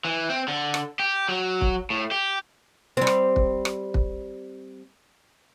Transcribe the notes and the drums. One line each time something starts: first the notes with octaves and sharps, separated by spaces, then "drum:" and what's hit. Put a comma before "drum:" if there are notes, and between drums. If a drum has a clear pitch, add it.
E3
C4
D3
drum: rim click
G4
F#3
drum: kick
A2
G4
G3 C4
drum: rim click
drum: kick
drum: rim click
drum: kick